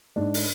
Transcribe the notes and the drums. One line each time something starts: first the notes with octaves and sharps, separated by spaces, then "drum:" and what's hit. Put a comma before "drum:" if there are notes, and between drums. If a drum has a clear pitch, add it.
G#2 D4
drum: open hi-hat